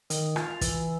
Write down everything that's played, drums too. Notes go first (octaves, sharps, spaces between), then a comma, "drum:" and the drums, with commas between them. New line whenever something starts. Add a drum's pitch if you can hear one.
D#3, drum: hi-hat
F4, drum: rim click
E3, drum: kick, hi-hat